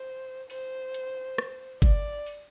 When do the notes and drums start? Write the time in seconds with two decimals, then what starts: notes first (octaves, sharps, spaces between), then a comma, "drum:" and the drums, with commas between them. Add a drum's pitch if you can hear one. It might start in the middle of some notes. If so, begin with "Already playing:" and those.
Already playing: C5
0.50 C5, drum: open hi-hat
0.94 drum: hi-hat
1.38 drum: rim click
1.82 D5, drum: kick G1, hi-hat
2.26 drum: open hi-hat